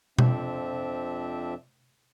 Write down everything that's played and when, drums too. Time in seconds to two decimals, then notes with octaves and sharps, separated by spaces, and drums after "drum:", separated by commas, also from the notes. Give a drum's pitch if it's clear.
0.19 F2 F3 C4 D4 E5, drum: tom B2